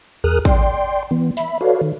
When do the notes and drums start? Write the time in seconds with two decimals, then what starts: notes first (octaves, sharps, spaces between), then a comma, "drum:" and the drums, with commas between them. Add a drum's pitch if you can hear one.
0.24 E2 G#4 A#4 D#6 F6 F#6
0.45 D5 G5 C6, drum: kick
1.11 E3 B3
1.37 E5 B5, drum: hi-hat
1.61 F#4 A4 B4 C#5 D5 F5
1.81 D#3